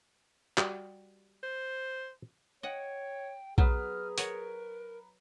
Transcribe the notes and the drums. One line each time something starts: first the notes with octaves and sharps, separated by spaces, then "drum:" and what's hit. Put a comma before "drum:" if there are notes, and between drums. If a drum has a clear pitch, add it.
G3 F#4 G4, drum: clap
C5
C#5 D#5 F#5 G5
F#3 B3 G#4 B4 A#5 F6, drum: kick A#1
F#4 A#4 C#5, drum: hi-hat